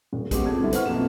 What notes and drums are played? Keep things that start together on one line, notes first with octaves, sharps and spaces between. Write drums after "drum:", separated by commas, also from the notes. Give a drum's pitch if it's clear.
D#1
G#3 B3 C#4 F#4 G4, drum: kick A#1, hi-hat
F2 G#6
D3 G3 E4 A4
B4 C5 F#5 C#6 F6, drum: hi-hat
B1 F2 A#3 A4 E7